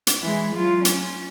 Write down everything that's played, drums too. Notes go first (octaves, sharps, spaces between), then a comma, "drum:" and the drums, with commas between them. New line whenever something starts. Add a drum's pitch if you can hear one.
drum: hi-hat
E3 G#3
F#3 F4
C#4, drum: hi-hat